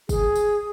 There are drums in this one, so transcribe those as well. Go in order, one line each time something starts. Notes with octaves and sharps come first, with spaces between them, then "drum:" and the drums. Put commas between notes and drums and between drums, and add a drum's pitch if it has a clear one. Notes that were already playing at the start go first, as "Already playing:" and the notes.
G#4, drum: kick, tambourine
drum: tambourine